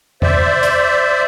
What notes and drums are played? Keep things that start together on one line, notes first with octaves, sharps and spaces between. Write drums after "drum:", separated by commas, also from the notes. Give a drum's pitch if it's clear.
C5 D5 E5, drum: tom E2
drum: hi-hat